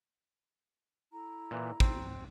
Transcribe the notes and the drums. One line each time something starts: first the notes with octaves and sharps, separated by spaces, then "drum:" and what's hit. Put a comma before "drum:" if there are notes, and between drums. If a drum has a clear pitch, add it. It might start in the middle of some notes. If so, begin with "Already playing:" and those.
E4 A4 A#5
A#2 E3
C4, drum: kick